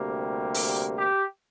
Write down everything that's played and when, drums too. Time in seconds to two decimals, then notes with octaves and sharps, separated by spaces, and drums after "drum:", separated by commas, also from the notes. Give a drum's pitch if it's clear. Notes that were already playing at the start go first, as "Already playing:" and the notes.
Already playing: D2 C3 G3 A#3
0.54 drum: open hi-hat
0.97 G4